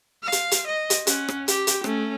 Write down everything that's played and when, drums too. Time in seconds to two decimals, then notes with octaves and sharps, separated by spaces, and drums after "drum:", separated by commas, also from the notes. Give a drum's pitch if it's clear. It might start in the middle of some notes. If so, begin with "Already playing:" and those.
0.23 F5
0.32 drum: hi-hat
0.51 drum: hi-hat
0.67 D#5
0.90 drum: hi-hat
1.07 C#4 F#5, drum: hi-hat
1.28 drum: rim click
1.48 G4 G5, drum: hi-hat
1.67 drum: hi-hat
1.84 A3 C#4, drum: rim click